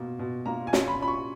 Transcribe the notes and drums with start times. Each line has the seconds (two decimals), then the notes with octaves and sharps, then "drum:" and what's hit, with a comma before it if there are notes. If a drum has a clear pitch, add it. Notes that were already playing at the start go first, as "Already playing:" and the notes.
Already playing: B2 A#3
0.19 B2
0.46 A#3 A#5
0.67 G#5
0.73 C#4, drum: snare
0.88 B5
1.01 C#4 B5
1.08 C#6